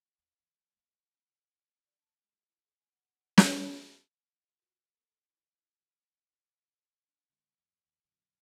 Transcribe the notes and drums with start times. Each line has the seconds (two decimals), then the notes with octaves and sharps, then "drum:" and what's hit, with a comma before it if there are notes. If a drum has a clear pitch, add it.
0.18 D#2
0.39 F#2 E3
0.75 C#2
1.86 D5
2.00 A5
2.22 G#3
2.47 E4
2.65 G#4
2.76 G#5
2.91 F#5
3.38 drum: snare
4.58 F4 F#4 A#4
4.92 B3 A4 A#4
5.28 E3 E4 G4
7.08 D4
7.29 C#3 G3
7.57 F2
7.85 D#2
8.04 B1 F#2 D3 F#3